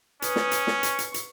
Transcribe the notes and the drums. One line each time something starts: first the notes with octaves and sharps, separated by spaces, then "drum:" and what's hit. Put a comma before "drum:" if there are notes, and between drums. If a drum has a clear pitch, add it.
C#4 B4 D#6, drum: hi-hat
drum: snare
drum: hi-hat
drum: snare
C#6, drum: hi-hat
drum: hi-hat
drum: hi-hat